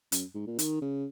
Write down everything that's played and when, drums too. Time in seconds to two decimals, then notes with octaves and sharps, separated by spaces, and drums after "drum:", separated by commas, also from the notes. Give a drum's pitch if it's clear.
0.12 F#2, drum: hi-hat
0.35 G#2
0.47 A#2
0.59 D#3, drum: hi-hat
0.82 C#3